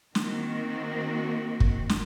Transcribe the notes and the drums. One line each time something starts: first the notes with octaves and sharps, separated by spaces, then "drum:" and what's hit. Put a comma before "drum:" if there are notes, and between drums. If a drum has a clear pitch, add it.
D#3 A#3 C4 F#4, drum: snare
drum: kick
drum: snare